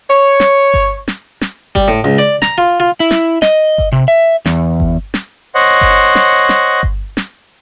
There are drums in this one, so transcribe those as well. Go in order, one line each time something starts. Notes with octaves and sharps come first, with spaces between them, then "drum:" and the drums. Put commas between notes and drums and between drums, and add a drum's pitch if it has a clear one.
C#5
drum: snare
drum: kick G1
drum: snare
drum: snare
G3, drum: kick G1
A2
C#2
D5
A#5, drum: snare
F4
F4
E4
drum: snare
D#5, drum: snare
drum: kick G1
C3
E5
E2, drum: snare
drum: kick G1
drum: snare
C5 C#5 D#5 F#5
drum: kick G1
drum: snare
drum: snare
drum: kick G1
drum: snare